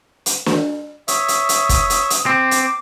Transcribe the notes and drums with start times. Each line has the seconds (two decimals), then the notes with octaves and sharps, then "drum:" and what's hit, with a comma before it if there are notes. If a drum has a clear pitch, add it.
0.26 drum: hi-hat
0.46 drum: snare
1.08 C#5 E5 D#6, drum: hi-hat
1.28 drum: hi-hat
1.49 drum: hi-hat
1.69 drum: kick, hi-hat
1.90 drum: hi-hat
2.10 drum: hi-hat
2.26 C4 D6
2.51 drum: hi-hat